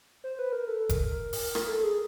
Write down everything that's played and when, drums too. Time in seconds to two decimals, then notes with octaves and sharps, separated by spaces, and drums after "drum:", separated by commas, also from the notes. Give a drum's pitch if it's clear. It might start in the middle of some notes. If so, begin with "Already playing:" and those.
0.24 C5
0.39 B4
0.52 A#4
0.68 A4
0.89 A#4, drum: kick F1, hi-hat
1.33 drum: open hi-hat
1.55 A#4, drum: rim click
1.69 A4
1.83 G#4